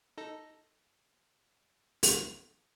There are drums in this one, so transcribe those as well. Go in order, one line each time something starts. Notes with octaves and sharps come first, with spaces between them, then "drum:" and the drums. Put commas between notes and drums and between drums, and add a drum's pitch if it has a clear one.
D#4 A4 A#6
drum: open hi-hat